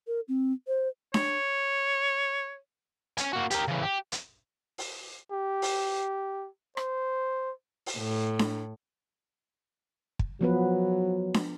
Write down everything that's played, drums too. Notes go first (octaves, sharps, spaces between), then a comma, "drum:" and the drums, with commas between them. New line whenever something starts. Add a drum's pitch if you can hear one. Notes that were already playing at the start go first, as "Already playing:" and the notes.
A#4
C4
C5
C#5, drum: snare D4
C#5 G#5, drum: hi-hat
A#3 F#4
G4 A#4, drum: hi-hat
C#3 E3
G4
drum: hi-hat
drum: open hi-hat
G4
drum: open hi-hat
C5, drum: rim click
drum: open hi-hat
A2
drum: snare D4
drum: kick
F3 F#3 B3 B4
drum: snare D4